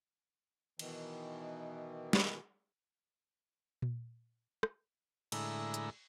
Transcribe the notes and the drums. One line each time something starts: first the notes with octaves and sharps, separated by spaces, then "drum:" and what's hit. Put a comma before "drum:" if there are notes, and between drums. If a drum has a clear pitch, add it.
B2 D#3 E3, drum: cymbal
drum: snare
drum: tom A#2
drum: rim click
A2 D3 G#3 E4 A#5, drum: cymbal
drum: hi-hat